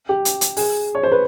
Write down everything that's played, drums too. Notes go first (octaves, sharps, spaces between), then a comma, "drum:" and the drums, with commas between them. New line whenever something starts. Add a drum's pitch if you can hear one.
G4
drum: hi-hat
drum: hi-hat
G#4, drum: open hi-hat
C#5
C5
B4